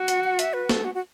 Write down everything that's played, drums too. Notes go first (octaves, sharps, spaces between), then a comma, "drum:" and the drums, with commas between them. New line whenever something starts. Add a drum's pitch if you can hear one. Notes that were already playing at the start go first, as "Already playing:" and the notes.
Already playing: F#4
F#5, drum: hi-hat
F#5
E5, drum: hi-hat
B4
A4, drum: snare
F#4
F#4